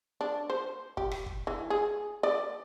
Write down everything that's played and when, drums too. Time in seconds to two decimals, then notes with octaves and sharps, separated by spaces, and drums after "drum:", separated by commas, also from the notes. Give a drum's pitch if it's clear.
0.21 D4
0.50 C5
0.97 G4, drum: kick
1.11 drum: rim click
1.26 drum: kick
1.47 E3
1.70 G#4
2.23 D5